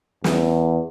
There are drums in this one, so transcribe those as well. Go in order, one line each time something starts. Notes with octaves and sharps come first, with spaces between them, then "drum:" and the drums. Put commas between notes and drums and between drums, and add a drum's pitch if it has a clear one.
E2, drum: snare